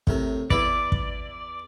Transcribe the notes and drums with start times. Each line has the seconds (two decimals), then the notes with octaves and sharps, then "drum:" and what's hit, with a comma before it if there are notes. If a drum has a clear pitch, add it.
0.07 A2 C3 A#4, drum: kick
0.50 E2 E4 B4 D5, drum: kick
0.92 drum: kick